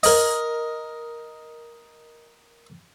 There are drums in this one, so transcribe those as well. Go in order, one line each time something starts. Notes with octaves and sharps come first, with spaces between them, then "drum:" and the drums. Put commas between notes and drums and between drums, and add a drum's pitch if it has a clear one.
A#4 D#5, drum: open hi-hat